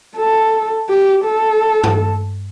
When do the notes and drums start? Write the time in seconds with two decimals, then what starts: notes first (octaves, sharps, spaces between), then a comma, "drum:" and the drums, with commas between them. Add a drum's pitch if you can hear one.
0.16 A4
0.89 G4
1.25 A4
1.84 drum: tom G2